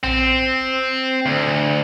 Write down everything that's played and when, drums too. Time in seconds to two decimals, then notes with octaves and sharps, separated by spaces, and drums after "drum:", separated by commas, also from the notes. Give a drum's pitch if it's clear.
0.03 C4, drum: tom A#1
1.26 D2